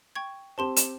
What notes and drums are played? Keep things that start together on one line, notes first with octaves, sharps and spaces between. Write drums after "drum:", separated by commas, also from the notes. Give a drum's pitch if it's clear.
G5 C#6 G#6
C4 G4 C5 A5 C6 E7
E7, drum: hi-hat